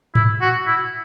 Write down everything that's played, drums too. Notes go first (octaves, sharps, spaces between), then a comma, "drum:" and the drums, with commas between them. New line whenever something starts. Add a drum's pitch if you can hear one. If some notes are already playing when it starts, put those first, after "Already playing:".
E4, drum: tom G#2
F#4
E4